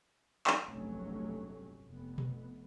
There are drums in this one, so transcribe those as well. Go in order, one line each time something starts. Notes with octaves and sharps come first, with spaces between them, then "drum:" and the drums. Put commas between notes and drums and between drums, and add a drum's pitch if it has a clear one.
drum: clap
F1 A#1 G2 F#3 A3 C#4
F1 B3
drum: tom B2